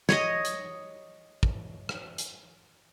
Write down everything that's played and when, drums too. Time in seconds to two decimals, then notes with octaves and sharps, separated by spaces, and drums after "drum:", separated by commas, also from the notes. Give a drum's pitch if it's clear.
0.09 C#5 D#5, drum: snare
0.45 drum: hi-hat
1.43 drum: kick
1.89 drum: rim click
2.18 drum: hi-hat